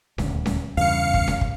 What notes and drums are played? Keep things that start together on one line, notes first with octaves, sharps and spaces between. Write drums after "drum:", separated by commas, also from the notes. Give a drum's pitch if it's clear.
D#1 D2, drum: snare C#4
drum: snare C#4
E2 G2 C#3 F5 C#7
drum: kick
drum: snare C#4
drum: kick